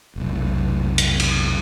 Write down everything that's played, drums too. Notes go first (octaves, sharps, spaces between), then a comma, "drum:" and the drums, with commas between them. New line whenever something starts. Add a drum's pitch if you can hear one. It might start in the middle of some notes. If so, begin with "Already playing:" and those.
F1 B1
drum: hi-hat
drum: cymbal